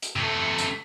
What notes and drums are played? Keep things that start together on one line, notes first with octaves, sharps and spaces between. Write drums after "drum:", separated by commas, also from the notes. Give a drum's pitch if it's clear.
drum: hi-hat
C3 A3
drum: hi-hat